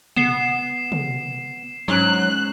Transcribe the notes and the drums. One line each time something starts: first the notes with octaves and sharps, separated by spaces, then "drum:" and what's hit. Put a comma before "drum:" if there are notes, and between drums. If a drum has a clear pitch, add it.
B3 C7 E7, drum: tom
drum: tom
G#2 F#3 C#4 D#4 F#6